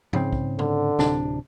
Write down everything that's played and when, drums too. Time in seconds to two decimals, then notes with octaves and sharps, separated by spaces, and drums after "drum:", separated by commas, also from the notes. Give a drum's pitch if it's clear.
0.13 G#2 C#3 C4, drum: tom F3
0.33 drum: kick
0.59 D3, drum: tom
0.99 D1 C3 D4, drum: snare